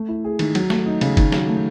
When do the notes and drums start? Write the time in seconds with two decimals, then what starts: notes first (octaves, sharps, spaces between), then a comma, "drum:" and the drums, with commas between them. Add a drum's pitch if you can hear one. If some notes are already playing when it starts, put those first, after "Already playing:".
Already playing: A3
0.09 E4
0.24 G#4
0.39 D#3, drum: cymbal
0.55 F#3, drum: cymbal
0.70 A3, drum: snare
0.86 D#4
1.01 C#3, drum: cymbal
1.17 D#3, drum: kick, cymbal
1.32 F#3, drum: snare
1.48 A3